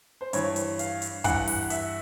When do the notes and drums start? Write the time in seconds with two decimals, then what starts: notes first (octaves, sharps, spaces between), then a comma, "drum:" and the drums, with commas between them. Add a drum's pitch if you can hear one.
0.21 C5
0.33 G2 E3 C#5, drum: hi-hat
0.56 drum: hi-hat
0.79 F5, drum: hi-hat
1.02 drum: hi-hat
1.24 G2 E3 F#5, drum: kick, hi-hat
1.47 drum: open hi-hat
1.70 E5, drum: hi-hat